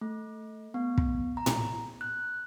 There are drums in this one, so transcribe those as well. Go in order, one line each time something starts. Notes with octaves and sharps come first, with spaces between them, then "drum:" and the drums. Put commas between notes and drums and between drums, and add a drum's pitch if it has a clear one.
A3
B3
drum: kick
A#5
drum: tom A2
F#6